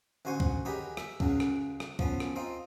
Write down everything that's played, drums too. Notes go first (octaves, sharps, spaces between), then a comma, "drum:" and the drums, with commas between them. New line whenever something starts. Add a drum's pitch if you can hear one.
A1 D2 F#4 C5 G#5 C#6
drum: kick
D#3 F#3 G4 G#4 B4
E5, drum: rim click
C#2 C#3 F#3, drum: kick
drum: rim click
drum: rim click
F3 B3 C#4, drum: kick
drum: rim click
C4 D#4 F4